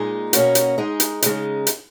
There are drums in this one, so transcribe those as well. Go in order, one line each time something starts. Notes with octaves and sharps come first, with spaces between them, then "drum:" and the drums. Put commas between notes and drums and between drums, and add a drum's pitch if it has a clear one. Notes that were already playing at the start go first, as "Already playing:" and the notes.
Already playing: A#2 G#3 D#4 G#4
B2 A#3 C#4 F#4, drum: hi-hat
drum: hi-hat
G#3 D#4 G#4
drum: hi-hat
C#3 G#3 D#4, drum: hi-hat
drum: hi-hat